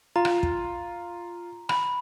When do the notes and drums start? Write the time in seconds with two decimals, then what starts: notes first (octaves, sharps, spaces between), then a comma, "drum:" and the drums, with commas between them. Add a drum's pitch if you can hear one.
0.16 F4 A#5
0.25 drum: rim click
0.43 drum: kick
1.69 B5, drum: rim click